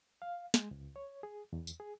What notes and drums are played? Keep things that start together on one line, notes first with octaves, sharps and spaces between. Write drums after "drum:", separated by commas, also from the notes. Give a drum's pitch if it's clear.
F5
G#3, drum: snare
C#2
C#5
G#4
E2
drum: tambourine
G#4